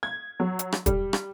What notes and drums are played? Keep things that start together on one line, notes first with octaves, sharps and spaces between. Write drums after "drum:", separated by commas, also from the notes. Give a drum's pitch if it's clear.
G#6
F#3
drum: hi-hat
drum: rim click
G3, drum: kick, hi-hat
drum: rim click